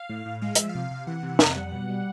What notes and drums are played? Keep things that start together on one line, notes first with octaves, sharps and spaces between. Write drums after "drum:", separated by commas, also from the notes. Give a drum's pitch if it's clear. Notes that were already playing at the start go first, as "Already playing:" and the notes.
Already playing: F5
A2
A2
G#3 F5
F3 E5, drum: hi-hat
F5
C3
C3
E3 F#5
C3
F2, drum: snare
G3
B2
G3